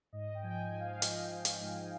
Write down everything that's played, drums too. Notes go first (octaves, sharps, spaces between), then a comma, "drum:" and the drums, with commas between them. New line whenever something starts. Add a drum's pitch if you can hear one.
G#2 D#5
G5
F3 G#5
G5
G#5
F3
F5
F3 D#5, drum: hi-hat
F3
drum: hi-hat
G#2